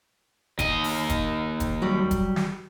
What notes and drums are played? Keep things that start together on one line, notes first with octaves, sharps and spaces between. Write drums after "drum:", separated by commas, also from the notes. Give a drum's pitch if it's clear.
D#2 D#5, drum: kick E1, hi-hat
drum: open hi-hat
drum: kick E1, hi-hat
drum: kick E1, hi-hat
F#3 G3
drum: kick E1, hi-hat
drum: snare